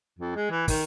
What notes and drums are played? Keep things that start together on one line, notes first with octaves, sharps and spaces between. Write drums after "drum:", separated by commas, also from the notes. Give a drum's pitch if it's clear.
F2
G#3
E3
D#3, drum: kick, open hi-hat